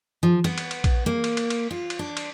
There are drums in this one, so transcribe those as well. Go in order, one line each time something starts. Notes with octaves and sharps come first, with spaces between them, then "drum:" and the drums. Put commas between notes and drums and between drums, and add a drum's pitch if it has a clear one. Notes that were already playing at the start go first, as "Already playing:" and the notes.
F3
B3, drum: cymbal
drum: cymbal
drum: cymbal
drum: kick A#1, cymbal
A#3
drum: cymbal
drum: cymbal
drum: cymbal
F4
drum: cymbal
D4
drum: cymbal